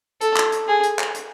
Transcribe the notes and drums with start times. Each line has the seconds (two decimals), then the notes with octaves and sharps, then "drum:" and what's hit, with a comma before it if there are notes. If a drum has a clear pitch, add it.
0.21 A4, drum: hi-hat
0.37 drum: clap
0.52 drum: hi-hat
0.68 G#4
0.83 drum: hi-hat
0.99 drum: clap
1.15 drum: hi-hat